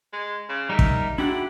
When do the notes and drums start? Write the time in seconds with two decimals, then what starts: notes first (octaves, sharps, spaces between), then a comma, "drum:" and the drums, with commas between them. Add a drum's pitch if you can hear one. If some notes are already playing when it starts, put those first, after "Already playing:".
0.13 G#3
0.49 C#3
0.69 G3 D#4 A#4 E5
0.79 drum: kick
1.18 G#2 D4 E4 F#4 G4 F#5